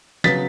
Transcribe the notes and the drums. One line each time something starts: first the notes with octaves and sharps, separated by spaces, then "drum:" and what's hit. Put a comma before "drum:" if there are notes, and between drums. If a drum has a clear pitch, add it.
C#3 F#3 B3 A6 B6, drum: snare